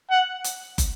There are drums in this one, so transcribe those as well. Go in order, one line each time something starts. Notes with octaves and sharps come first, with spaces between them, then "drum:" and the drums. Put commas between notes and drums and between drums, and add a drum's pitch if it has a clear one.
F#5
drum: hi-hat
drum: kick, hi-hat